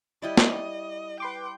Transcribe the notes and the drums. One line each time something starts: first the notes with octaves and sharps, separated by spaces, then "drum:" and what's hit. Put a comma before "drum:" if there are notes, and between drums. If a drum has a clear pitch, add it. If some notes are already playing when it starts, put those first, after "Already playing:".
G3 E4 D5 D#5
drum: snare
B4 G5 C6 D6